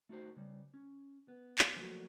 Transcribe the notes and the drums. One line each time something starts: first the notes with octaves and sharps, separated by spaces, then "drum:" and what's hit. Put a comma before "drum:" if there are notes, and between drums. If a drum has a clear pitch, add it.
A3 D#4 F#4 G4 C5
C#3 G3
C#4
B3
drum: clap
F3 F#3 A3 A#3 F#4